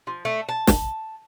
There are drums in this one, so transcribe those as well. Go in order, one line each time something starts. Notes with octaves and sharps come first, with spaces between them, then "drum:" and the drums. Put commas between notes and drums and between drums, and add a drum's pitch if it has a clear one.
F3
A3
A5
drum: snare